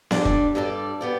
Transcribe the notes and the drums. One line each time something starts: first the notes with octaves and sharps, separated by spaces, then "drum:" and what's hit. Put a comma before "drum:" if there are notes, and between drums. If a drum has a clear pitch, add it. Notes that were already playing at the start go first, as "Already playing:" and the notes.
G2 G3 D4 A4 D5, drum: snare B3
drum: kick
G2 G3 D4 A4 D5
B3 G4 D5